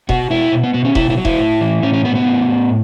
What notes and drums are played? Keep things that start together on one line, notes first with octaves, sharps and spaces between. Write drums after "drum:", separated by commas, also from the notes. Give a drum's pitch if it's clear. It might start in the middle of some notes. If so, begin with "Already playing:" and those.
B2 F#4, drum: kick E1
B2 E4
B2
B3
B2 B3
C#4
B2 E4, drum: kick E1
E4
F#3
E4, drum: kick E1
A2
E3
A2 C#4
C#4
F#3 B3
B3
A2
A2